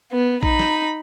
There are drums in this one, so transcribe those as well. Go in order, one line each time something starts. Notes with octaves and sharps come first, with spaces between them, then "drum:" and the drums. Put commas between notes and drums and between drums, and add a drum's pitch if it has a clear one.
B3
D#4 B5, drum: kick A#1
drum: snare